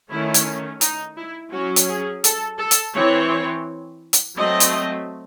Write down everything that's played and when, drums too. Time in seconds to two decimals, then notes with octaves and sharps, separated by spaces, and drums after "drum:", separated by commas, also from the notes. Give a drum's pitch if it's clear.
0.10 D#3 A3 C#4 E4
0.34 drum: hi-hat
0.81 D#4, drum: hi-hat
1.17 E4
1.53 F#3 C#4 F#4
1.76 drum: hi-hat
1.89 G#4
2.24 A4, drum: hi-hat
2.59 A4
2.71 drum: hi-hat
2.95 E3 C4 C#5
4.13 drum: hi-hat
4.36 F#3 A3 C4 D#5
4.60 drum: hi-hat